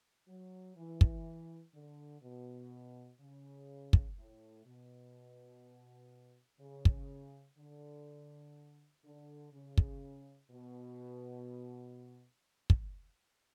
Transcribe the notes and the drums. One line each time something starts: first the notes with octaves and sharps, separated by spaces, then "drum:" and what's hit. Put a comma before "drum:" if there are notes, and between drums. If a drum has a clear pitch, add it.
F#3
E3
drum: kick
D3
B2
C#3
drum: kick
A2
B2
C#3
drum: kick
D3
D3
C#3
drum: kick
B2
drum: kick